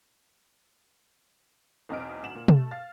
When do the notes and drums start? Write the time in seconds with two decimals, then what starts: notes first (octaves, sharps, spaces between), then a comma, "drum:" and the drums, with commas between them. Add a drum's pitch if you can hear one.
1.89 B1 E2 C4 D#5 F6 D7
2.23 D2 E7 F#7
2.35 A#2
2.48 A3, drum: tom
2.71 F5 F6 A6